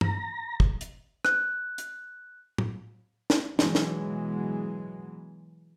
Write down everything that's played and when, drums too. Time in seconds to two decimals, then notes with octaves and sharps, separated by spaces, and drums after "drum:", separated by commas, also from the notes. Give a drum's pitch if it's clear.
0.01 A#5, drum: tom
0.60 drum: kick
0.81 drum: hi-hat
1.25 F#6, drum: rim click
1.78 drum: hi-hat
2.58 drum: tom
3.30 drum: snare
3.59 B2 E3 F#3 G#3, drum: snare
3.75 drum: snare